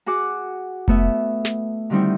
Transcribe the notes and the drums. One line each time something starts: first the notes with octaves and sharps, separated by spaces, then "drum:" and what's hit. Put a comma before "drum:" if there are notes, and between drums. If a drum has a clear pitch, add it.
F#4 G#4 F#5 D6
A3 B3 E5, drum: kick F1
drum: snare
D3 D#3 G3 C4 D#4 E4